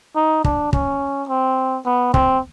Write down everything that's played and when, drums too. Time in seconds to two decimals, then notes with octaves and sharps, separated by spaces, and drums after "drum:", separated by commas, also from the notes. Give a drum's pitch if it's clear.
0.16 D#4
0.44 D4, drum: kick
0.73 C#4, drum: kick
1.29 C4
1.86 B3
2.14 C4, drum: kick